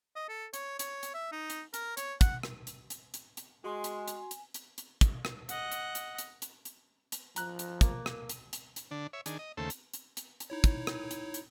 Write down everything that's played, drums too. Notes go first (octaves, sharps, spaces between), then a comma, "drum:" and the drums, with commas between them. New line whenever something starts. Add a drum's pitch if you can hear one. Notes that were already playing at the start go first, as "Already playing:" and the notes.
D#5
A4
C#5, drum: hi-hat
C#5, drum: hi-hat
drum: hi-hat
E5
D#4
drum: hi-hat
A#4, drum: hi-hat
C#5, drum: hi-hat
F#5, drum: kick, hi-hat
drum: rim click
drum: hi-hat
drum: hi-hat
drum: hi-hat
drum: hi-hat
G#3 F#4 G#5 C6
drum: hi-hat
drum: hi-hat
drum: hi-hat
drum: hi-hat
drum: hi-hat
drum: kick, hi-hat
drum: rim click
D#5 F#5, drum: hi-hat
drum: hi-hat
drum: hi-hat
drum: hi-hat
drum: hi-hat
drum: hi-hat
drum: hi-hat
F3 A#5 F#6, drum: hi-hat
drum: hi-hat
A#3, drum: kick, hi-hat
drum: rim click
drum: hi-hat
drum: hi-hat
drum: hi-hat
D3 D4
C#5 E5
D#3 D4 G#4, drum: hi-hat
D#5
D#2 C#3 A3 A4 C5
drum: hi-hat
drum: hi-hat
drum: hi-hat
drum: hi-hat
D#4 E4 C#5
drum: kick, hi-hat
drum: rim click
drum: hi-hat
drum: hi-hat